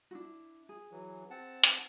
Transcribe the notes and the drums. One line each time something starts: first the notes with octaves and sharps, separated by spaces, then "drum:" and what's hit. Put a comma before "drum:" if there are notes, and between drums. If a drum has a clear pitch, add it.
D4 E4 F#4
G#4
E3 F#3
C4 F#5 A5
drum: hi-hat